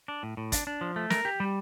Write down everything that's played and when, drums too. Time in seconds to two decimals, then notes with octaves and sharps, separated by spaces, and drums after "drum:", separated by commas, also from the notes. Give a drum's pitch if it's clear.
0.08 D4
0.23 A2
0.37 A2
0.52 D4, drum: kick, hi-hat
0.67 D4
0.81 F3
0.96 A3
1.10 A#4, drum: snare
1.25 G4
1.40 G3